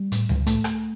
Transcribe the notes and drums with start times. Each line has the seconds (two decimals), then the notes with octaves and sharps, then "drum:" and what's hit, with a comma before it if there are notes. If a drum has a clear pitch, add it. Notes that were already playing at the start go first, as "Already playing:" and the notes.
Already playing: G3
0.12 A2, drum: hi-hat
0.29 drum: tom C#2
0.47 A2 A3, drum: hi-hat
0.64 drum: rim click